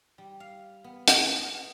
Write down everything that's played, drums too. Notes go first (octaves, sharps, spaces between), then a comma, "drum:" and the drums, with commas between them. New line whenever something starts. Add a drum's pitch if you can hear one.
G3
F5
B3
G#4, drum: hi-hat
D#5